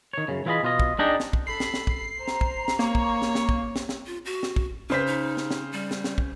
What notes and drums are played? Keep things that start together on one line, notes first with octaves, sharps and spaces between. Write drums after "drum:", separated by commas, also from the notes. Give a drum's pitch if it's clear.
D#3 C#5
F#2 C#3
E3 E4 F4 G#4 D#5 B5
B2 F4 D#5
drum: kick
D4 D#4 G4 G#4 D#5
drum: snare
drum: kick
A4 B5 C7
drum: snare
drum: snare
drum: kick
C5 A#5
drum: snare
drum: kick
drum: snare
A#3 C#5 C#6, drum: snare
drum: kick
drum: snare
drum: snare
drum: kick
drum: snare
drum: snare
F4
F#4
drum: snare
drum: kick
C#3 B4 C5 B6
D#4
drum: snare
drum: snare
G3
drum: snare
drum: snare
drum: kick